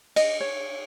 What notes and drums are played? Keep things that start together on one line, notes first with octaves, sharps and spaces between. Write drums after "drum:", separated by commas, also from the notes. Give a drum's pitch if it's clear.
D#5, drum: cymbal
C#5